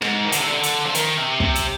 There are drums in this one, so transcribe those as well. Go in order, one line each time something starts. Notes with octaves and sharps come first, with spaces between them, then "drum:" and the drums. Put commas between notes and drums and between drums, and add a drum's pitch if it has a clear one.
G#2, drum: rim click
D#3
D3, drum: hi-hat
C3
D3
drum: hi-hat
F3
D#3, drum: hi-hat
C3
C3, drum: kick
drum: hi-hat